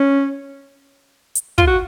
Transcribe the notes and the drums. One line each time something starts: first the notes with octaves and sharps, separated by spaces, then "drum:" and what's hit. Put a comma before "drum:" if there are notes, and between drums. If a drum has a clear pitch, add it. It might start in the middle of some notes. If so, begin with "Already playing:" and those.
Already playing: C#4
drum: hi-hat
F4, drum: kick
F#4